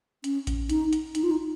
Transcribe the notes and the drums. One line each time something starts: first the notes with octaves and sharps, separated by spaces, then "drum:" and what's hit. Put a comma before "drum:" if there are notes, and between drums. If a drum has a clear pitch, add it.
C#4, drum: hi-hat
drum: kick A1, hi-hat
D#4, drum: hi-hat
drum: hi-hat
D#4, drum: hi-hat
F4
D#4